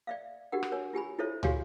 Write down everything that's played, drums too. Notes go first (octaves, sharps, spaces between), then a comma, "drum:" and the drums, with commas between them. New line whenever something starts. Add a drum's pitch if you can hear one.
D5 E5 F5
D4 F#4 G4 A#4 F#5
drum: rim click
A#4 C#5 G#5
F4 G4 G#5 B5
E4 F4 A4 C5 C#5 E5
F#4 G4 C#5 F5 G#5 C6, drum: tom